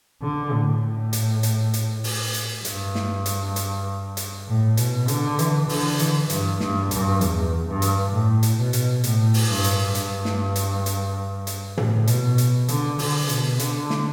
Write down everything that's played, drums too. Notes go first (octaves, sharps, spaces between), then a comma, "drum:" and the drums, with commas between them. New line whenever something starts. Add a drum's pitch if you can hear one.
D3
A2
drum: hi-hat
drum: hi-hat
drum: hi-hat
drum: open hi-hat
drum: hi-hat
G2, drum: hi-hat
drum: snare
drum: hi-hat
drum: hi-hat
drum: hi-hat
A2
B2, drum: hi-hat
D3, drum: hi-hat
E3, drum: hi-hat
D3, drum: open hi-hat
E3, drum: hi-hat
G2, drum: hi-hat
G2, drum: snare
G2, drum: hi-hat
E2, drum: hi-hat
G2
drum: hi-hat
A2
drum: hi-hat
B2
drum: hi-hat
A2, drum: hi-hat
drum: open hi-hat
G2
drum: hi-hat
G2, drum: hi-hat
drum: snare
drum: hi-hat
drum: hi-hat
drum: hi-hat
A2, drum: tom
B2, drum: hi-hat
drum: hi-hat
D3, drum: hi-hat
D3, drum: open hi-hat
B2, drum: hi-hat
D3, drum: hi-hat
drum: snare